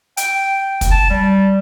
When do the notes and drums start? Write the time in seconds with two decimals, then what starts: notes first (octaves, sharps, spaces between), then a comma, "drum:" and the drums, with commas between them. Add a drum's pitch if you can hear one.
0.17 G5, drum: hi-hat
0.81 drum: kick, hi-hat
0.91 A5
1.10 G3